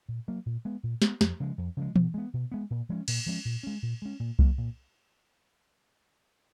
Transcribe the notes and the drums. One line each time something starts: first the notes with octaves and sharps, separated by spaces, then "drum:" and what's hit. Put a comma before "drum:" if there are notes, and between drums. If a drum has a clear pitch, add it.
A#2
F#3 A#3
A#2
G#3 B3
A#2
G#3 B3, drum: snare
F2, drum: snare
C#3 F3 G#3
F2
C#3 F3 G#3
B2, drum: tom E3
G#3 B3
B2
G#3 B3
A#2
F3 G#3 C#4
A#2, drum: cymbal
F3 G#3 C#4
A#2
G#3 C#4
A#2
G#3 C#4
A#2
F#3 A#3, drum: kick C2
A#2